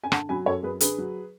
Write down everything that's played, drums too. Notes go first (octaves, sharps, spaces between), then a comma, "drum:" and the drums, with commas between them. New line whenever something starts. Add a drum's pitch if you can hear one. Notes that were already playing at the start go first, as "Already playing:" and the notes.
G#5
D3 F#5 A5, drum: rim click
F#3 G#5 B5
F#2 A4 C#5
F#2 G#4 B4
D3 G#4 B4, drum: hi-hat
F#3